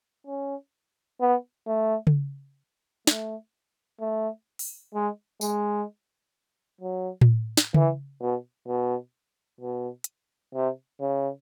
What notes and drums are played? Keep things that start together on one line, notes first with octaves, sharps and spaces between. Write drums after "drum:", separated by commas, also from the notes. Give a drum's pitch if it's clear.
C#4
B3
A3
drum: tom C#3
A3, drum: snare
A3
drum: open hi-hat
G#3
G#3, drum: tambourine
F#3
drum: tom A2
drum: snare
E3, drum: tom C#3
B2
B2
B2
drum: hi-hat
C3
C#3